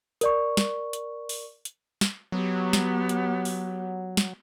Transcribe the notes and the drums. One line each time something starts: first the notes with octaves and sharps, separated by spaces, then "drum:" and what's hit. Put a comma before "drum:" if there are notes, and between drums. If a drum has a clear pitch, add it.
A#4 D5 C#6, drum: hi-hat
drum: snare
drum: hi-hat
drum: open hi-hat
drum: hi-hat
drum: snare
F#3 B3 G4
drum: snare
drum: hi-hat
drum: open hi-hat
drum: snare